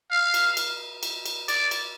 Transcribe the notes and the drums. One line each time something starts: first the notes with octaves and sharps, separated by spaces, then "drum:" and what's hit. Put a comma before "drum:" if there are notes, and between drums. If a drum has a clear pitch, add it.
F5
drum: cymbal
drum: cymbal
drum: cymbal
drum: cymbal
D5, drum: cymbal
drum: cymbal